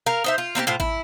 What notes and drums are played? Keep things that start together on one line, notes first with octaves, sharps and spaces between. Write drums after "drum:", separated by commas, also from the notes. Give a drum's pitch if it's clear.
A#4 F5
D#4 C5 E5
F4
A#3 C4 D#4 G4
A2 F4 C5
E4, drum: kick A1